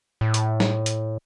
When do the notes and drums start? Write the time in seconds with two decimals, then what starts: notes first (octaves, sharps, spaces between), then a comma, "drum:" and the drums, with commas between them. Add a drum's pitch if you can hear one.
0.21 A2
0.34 drum: hi-hat
0.60 drum: snare
0.86 drum: hi-hat